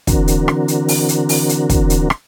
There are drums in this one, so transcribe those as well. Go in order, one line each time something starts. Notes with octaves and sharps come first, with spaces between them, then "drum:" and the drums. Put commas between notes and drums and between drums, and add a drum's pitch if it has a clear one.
D3 E3 C4 D4 F#4 A#4, drum: kick, hi-hat
drum: hi-hat
drum: rim click
drum: hi-hat
drum: open hi-hat
drum: hi-hat
drum: open hi-hat
drum: hi-hat
drum: kick, hi-hat
drum: hi-hat
drum: rim click